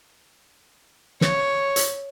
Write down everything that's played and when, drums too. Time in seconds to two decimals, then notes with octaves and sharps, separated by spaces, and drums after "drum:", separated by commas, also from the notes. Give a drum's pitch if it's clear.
1.21 C#5, drum: snare
1.76 drum: hi-hat